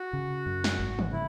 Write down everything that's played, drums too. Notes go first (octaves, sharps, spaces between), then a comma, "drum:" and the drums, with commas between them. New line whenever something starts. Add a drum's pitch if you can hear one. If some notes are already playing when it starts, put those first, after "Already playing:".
Already playing: F#4
C#3
F#2
drum: snare
G#1
drum: tom
C#3 E4